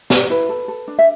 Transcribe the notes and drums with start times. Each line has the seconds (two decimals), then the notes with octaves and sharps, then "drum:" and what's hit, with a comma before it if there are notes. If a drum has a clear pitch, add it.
0.10 B4 D5, drum: snare
0.30 E4 B4
0.49 A4
0.68 A4
0.88 D4
0.98 E5